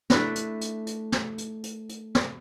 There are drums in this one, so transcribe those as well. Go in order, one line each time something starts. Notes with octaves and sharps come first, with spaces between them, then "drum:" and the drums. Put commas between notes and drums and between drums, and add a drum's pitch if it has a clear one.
A3 D4 E4 B4, drum: snare
drum: hi-hat
drum: hi-hat
drum: hi-hat
drum: snare
drum: hi-hat
drum: hi-hat
drum: hi-hat
drum: snare